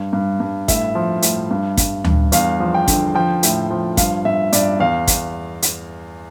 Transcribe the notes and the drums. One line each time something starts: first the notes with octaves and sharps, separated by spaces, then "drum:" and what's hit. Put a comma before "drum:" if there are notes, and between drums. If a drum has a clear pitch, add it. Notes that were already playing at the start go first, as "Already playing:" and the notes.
Already playing: G2
G2
G2
A2 E5, drum: kick, hi-hat
F3
A2, drum: hi-hat
G2
G2, drum: kick, hi-hat
G2, drum: tom D2
E2 F5, drum: hi-hat
F3
G5
D3, drum: kick, hi-hat
F3 G5
A2, drum: hi-hat
F3
G2 F5, drum: kick, hi-hat
G2 E5
G2 D5, drum: hi-hat
E2 F5
drum: kick, hi-hat
drum: hi-hat